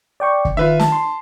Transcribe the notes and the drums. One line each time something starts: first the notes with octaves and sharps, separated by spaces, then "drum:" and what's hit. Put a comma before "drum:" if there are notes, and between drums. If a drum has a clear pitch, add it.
D5 G5 C#6
drum: kick
D#3 F4 B4 E5
A5, drum: snare
C6